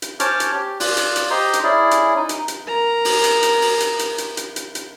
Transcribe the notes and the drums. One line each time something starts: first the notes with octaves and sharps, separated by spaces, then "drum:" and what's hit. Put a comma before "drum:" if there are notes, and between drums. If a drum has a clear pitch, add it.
drum: hi-hat
C#4 C5 C#5 A5 D6 F6, drum: hi-hat
drum: hi-hat
G4
F4 D5 F#6, drum: open hi-hat
drum: hi-hat
drum: hi-hat
G4 C5 D#5 A#5 C6
drum: hi-hat
C#4 E4 G#4 D5
drum: hi-hat
D#4
drum: hi-hat
drum: hi-hat
A#4 A#5
drum: open hi-hat
drum: hi-hat
drum: hi-hat
drum: open hi-hat
drum: hi-hat
drum: hi-hat
drum: hi-hat
drum: hi-hat
drum: hi-hat
drum: hi-hat